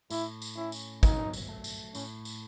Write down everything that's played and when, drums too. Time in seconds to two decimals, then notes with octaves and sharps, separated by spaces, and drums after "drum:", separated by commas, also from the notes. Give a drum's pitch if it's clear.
0.10 A2 E4, drum: tambourine
0.42 drum: tambourine
0.57 C#4 E4
0.72 drum: tambourine
1.03 F#3 D#4, drum: kick, tambourine
1.33 drum: tambourine
1.49 A3
1.64 drum: tambourine
1.95 A2 C#4, drum: tambourine
2.25 drum: tambourine